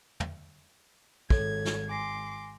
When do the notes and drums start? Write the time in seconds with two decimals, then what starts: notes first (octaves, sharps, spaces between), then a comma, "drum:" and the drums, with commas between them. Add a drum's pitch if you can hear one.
0.20 drum: tom
1.30 G#1 A4 C#5 G#6, drum: kick
1.65 drum: snare
1.89 G#5 C6 D6 A#6 C7